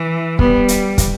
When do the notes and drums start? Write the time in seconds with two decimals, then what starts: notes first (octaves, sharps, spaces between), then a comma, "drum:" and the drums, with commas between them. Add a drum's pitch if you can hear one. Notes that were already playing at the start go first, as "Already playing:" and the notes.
Already playing: E3
0.39 G3 B3, drum: kick
0.68 drum: hi-hat
0.98 drum: kick, hi-hat